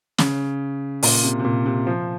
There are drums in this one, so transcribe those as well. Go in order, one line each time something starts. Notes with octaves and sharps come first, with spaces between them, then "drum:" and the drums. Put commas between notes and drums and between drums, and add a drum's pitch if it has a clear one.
C#3, drum: snare
A#2, drum: open hi-hat
C3
C3
A#2
C3
F3